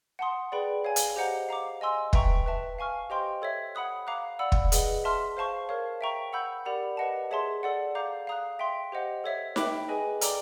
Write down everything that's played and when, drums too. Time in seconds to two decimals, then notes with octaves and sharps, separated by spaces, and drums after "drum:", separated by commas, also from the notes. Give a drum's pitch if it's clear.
0.19 F#5 A5 C6 D#6
0.52 G#4 B4 D5 G5 B5
0.84 C#5 F5 G#5
0.96 drum: hi-hat
1.16 G4 C5 D#5 F#5 A#5
1.49 F5 A#5 D6
1.81 D#5 G#5 C6 E6
2.13 B4 E5 G5 A#5 C#6, drum: kick
2.46 B4 E5 A5
2.79 F5 G#5 C#6 F6
3.10 G4 C5 D#5 G5 C6
3.42 A4 C#5 E5
3.75 F#5 B5 D#6 F#6
4.07 F5 A#5 D6 F#6
4.39 D5 F#5 B5 E6
4.52 drum: kick
4.72 G#4 B4 D#5 F#5, drum: hi-hat
5.04 E5 A5 C6 F6
5.37 C5 F5 A5 C#6
5.69 A#4 C#5 F5
6.01 E5 G5 A#5 C#6
6.33 F#5 B5 E6 G6
6.65 G4 A#4 D5 F#5 B5
6.97 G4 B4 D#5 F#5 A5
7.31 G#4 C#5 E5 A5 C6
7.63 A4 D5 F#5
7.95 F5 A#5 D6 G6
8.27 F5 A#5 D#6 F#6
8.59 E5 G5 C6
8.92 G4 C5 D#5 F#5
9.24 A4 C#5 E5
9.56 E5 G5 B5 D6 F#6, drum: snare D#4
9.88 G#4 B4 D#5 G#5
10.21 A4 D5 G5 A#5 D6, drum: hi-hat